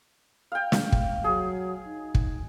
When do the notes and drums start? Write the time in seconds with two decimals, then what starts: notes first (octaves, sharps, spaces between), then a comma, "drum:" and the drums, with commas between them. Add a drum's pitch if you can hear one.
0.52 F5 G5
0.72 drum: snare
0.92 drum: kick
1.24 F#3 G#4
1.87 D#4
2.15 drum: kick